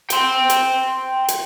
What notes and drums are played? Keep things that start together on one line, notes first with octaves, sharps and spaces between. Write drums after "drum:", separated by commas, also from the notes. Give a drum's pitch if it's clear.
G5 C6, drum: hi-hat
drum: hi-hat
drum: hi-hat